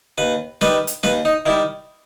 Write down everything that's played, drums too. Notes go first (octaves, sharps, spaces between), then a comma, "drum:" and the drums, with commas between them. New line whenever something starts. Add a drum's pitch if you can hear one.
D#2 B4
D#3 G3 B4, drum: snare
drum: hi-hat
D#2 B4, drum: snare
D#4
D#3 G3 E4